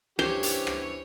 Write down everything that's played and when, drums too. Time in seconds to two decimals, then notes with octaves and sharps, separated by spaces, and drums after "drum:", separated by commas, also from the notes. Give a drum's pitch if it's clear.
0.19 G2 E3 C#4 G4 C5 C#5, drum: rim click
0.43 drum: hi-hat
0.67 drum: rim click